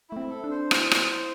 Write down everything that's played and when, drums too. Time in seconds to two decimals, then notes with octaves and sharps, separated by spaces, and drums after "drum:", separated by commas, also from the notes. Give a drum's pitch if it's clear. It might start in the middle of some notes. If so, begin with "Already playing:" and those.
0.10 A3 E4
0.17 C4
0.30 A4
0.44 D4
0.51 C5
0.71 E4, drum: rim click
0.91 drum: rim click